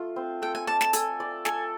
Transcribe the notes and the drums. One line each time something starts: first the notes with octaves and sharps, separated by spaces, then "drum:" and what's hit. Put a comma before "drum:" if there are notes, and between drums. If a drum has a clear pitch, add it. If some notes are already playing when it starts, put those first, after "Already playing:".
Already playing: A3 F4
C4
A4 G5
G#5
D5 A5
A5, drum: snare
A4 G#5, drum: hi-hat
D5
A4 G#5, drum: snare